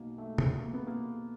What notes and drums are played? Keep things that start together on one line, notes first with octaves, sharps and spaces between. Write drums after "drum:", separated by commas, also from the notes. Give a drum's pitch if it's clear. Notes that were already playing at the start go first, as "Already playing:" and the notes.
Already playing: B1 B2 F#3 A#3
A3
drum: tom
A#3
B3
A#3